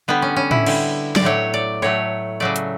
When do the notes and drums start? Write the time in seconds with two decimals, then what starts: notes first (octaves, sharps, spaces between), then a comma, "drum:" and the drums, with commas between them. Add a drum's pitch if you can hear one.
0.08 D3 G3 B3
0.22 C#4
0.36 C#4
0.51 E4, drum: tom A2
0.66 D3 G3, drum: cymbal
1.16 D5, drum: snare
1.23 A2 F#3 A3 C#5
1.54 D5
1.82 A2 F#3 A3 C#5
2.40 C#3 F#3 A3 D5
2.56 drum: hi-hat